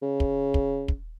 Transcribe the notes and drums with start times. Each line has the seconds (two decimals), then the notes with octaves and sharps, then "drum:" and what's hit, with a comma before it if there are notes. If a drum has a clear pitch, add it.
0.03 C#3
0.20 drum: kick
0.54 drum: kick
0.88 drum: kick